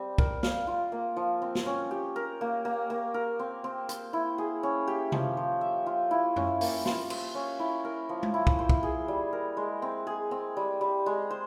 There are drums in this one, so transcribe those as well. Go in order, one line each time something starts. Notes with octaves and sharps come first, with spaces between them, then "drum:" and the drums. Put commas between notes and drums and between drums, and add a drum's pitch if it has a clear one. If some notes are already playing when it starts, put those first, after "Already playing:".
Already playing: G3 C4
A#4, drum: kick
F5, drum: snare
F4
A#3
F3
C4
drum: snare
C#4
G4
A#4
A#3
A#3
A#3
A#4
C4
C4
C5, drum: hi-hat
E4
G#4
C#4
G4
F3, drum: tom C3
F3
E5
F4
E4
C#4, drum: tom F2
A#3, drum: open hi-hat
F4, drum: snare
C5, drum: cymbal
C#4
E4
A#4
F3
drum: tom G#3
E4
drum: kick
C5
drum: kick
G#4
G3
A#4
G#3
C4
G#4
C4
G3
G3
G#3
C5